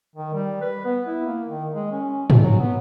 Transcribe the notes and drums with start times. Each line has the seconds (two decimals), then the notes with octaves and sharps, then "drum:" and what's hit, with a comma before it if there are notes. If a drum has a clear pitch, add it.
0.15 D#3
0.33 G3
0.61 B4
0.85 B3
1.07 E4
1.26 A#3
1.49 D#3
1.75 G#3
1.91 C#4
2.30 drum: tom
2.41 F#3
2.60 B3